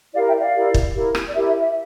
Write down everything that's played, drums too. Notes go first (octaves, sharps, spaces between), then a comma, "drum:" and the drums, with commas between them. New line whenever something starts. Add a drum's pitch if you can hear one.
E4 G4 A#4 D5 F5
E5 G5
D5 F5
E4 G4 A#4
drum: kick
E4 G4 A#4
drum: rim click
D5
E4 G4 A#4 E5
E5
E5